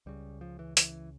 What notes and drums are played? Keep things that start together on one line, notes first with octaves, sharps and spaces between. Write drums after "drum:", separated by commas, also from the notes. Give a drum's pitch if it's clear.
C#2 C#3 G3
F3
E3
E3, drum: hi-hat